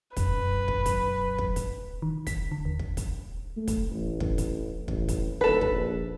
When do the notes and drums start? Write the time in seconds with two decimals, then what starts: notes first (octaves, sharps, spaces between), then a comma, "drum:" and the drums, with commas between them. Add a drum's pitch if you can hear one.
0.17 B1 F#2 B4, drum: kick, hi-hat
0.68 drum: kick
0.86 drum: kick, hi-hat
1.39 drum: kick
1.56 drum: kick, hi-hat
2.02 D#3
2.27 B6, drum: kick, hi-hat
2.52 D3
2.65 D#2
2.79 drum: kick
2.97 drum: kick, hi-hat
3.57 A3
3.68 drum: kick, hi-hat
3.92 A1
4.20 drum: kick
4.38 drum: kick, hi-hat
4.88 A1, drum: kick
5.09 drum: kick, hi-hat
5.41 D#1 A4 B4
5.61 drum: kick
5.71 A#1